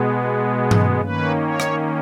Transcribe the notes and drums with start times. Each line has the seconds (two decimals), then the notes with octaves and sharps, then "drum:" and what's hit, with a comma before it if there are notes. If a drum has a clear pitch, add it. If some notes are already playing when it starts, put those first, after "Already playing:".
Already playing: B2 G#3 B3
0.71 drum: tom G2
1.01 D#3 A#3 C#4 B4
1.45 C#5
1.60 drum: rim click